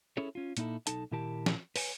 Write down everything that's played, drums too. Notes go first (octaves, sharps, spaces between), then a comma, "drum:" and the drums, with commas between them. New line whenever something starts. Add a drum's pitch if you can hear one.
C#4 E4 G#4 A4 C#5
C#4 F4
A#2 A#3 D#4 E4 A4, drum: hi-hat
B1 D#4 A4 A5, drum: hi-hat
A#2 D#3 E4 G4 A#4 A5
drum: snare
B4 C#5 G#5, drum: open hi-hat